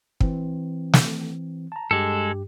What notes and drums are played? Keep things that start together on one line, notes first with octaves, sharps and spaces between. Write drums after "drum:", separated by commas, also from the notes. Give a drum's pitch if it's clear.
E3 C4, drum: kick
drum: snare
A5 A#5
G2 G#3 G4 A4